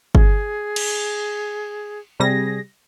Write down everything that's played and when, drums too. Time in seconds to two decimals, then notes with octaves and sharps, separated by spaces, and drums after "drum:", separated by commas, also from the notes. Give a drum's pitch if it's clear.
0.15 G#4, drum: kick G1
0.76 drum: cymbal
2.20 C3 G3 G#4 A#6